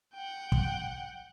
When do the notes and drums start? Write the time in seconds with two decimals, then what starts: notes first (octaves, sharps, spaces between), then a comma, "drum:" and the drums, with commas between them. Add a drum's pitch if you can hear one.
0.15 F#5 G5
0.52 drum: kick